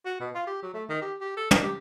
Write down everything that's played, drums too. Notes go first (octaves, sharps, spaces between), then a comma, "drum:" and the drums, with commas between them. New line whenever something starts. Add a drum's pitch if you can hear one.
F#4
B2
F4
G4
F#3
A3
D#3
G4
G4
A4
D#3, drum: tom
G4